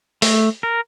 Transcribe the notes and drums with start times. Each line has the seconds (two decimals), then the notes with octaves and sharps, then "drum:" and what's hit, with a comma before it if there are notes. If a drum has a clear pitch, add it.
0.22 A3, drum: open hi-hat
0.63 A#4